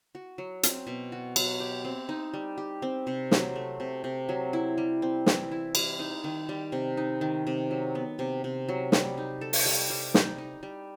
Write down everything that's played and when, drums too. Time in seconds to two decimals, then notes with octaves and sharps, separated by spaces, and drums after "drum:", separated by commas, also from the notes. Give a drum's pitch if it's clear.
0.15 F#4
0.38 F#3
0.63 C4, drum: hi-hat
0.87 B2
1.12 F#4
1.36 F#3, drum: cymbal
1.60 G4
1.85 C4
2.09 D#4
2.34 G3
2.58 G4
2.82 C4
3.07 C3
3.31 F#3, drum: snare
3.56 A3
3.80 C3
4.04 C3
4.29 F#3
4.53 E4
4.78 G3
5.02 C4
5.26 E3, drum: snare
5.51 E4
5.75 G3, drum: cymbal
5.99 D#4
6.24 D#3
6.49 G3
6.72 C3
6.97 D#4
7.21 D#3
7.47 C3
7.71 F#3
7.95 B3
8.19 C3
8.44 C3
8.69 F#3
8.92 G3, drum: snare
9.17 D#4
9.41 A4
9.53 drum: open hi-hat
9.66 G3
9.90 G3
10.14 D#4, drum: snare
10.38 D#4
10.63 G3